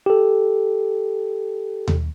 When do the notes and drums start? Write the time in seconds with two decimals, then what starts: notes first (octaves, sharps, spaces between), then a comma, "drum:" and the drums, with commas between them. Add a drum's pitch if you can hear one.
0.06 G4 A4
1.88 drum: tom D#2